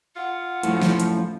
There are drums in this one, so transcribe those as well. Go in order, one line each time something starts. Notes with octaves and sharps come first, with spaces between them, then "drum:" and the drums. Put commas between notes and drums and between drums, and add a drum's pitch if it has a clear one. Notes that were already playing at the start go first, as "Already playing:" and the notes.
F4 F#5
F#2 A2 F3, drum: hi-hat
drum: snare
drum: hi-hat